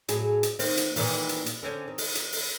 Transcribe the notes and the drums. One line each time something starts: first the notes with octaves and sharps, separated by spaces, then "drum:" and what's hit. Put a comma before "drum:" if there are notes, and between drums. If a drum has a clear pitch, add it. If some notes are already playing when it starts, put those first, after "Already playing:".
A2 F#3 G#4, drum: hi-hat
drum: hi-hat
D#3 A#3 C4, drum: open hi-hat
drum: hi-hat
A#2 D#3 E3, drum: open hi-hat
drum: hi-hat
drum: hi-hat
D3 C4 C#4
D#3
drum: open hi-hat
drum: hi-hat
drum: open hi-hat